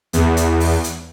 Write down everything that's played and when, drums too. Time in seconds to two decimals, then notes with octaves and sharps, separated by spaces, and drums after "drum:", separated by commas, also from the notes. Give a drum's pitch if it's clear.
0.13 E2, drum: hi-hat
0.37 drum: hi-hat
0.60 drum: open hi-hat
0.84 drum: hi-hat